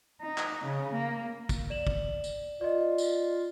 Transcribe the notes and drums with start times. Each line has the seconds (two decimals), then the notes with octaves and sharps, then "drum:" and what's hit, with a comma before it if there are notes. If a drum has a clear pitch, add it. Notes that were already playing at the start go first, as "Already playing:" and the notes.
0.22 D#4
0.38 drum: clap
0.65 C#3
0.94 A#3
1.49 drum: kick, tambourine
1.70 D5 E7 F#7
1.87 drum: kick
2.24 drum: tambourine
2.61 F4 D5 D#5
2.98 drum: tambourine